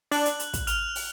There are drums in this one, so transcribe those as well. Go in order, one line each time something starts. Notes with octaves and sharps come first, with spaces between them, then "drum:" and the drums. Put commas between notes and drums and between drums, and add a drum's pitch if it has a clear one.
D4 F#6 F#7, drum: open hi-hat
drum: hi-hat
drum: hi-hat
drum: kick, hi-hat
F6 F7, drum: hi-hat
drum: open hi-hat